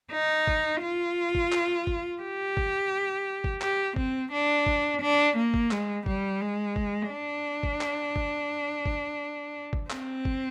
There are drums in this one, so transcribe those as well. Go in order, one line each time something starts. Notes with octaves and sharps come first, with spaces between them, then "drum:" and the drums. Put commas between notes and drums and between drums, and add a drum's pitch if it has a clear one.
D#4
drum: kick G1
F4
drum: kick G1
drum: clap
drum: kick G1
G4
drum: kick G1
drum: kick G1
G4, drum: clap
C4, drum: kick G1
D4
drum: kick G1
D4
A#3
drum: kick G1
G#3, drum: clap
G3, drum: kick G1
G#3
drum: kick G1
D4
drum: kick G1
drum: clap
drum: kick G1
drum: kick G1
drum: kick G1
C4, drum: clap
drum: kick G1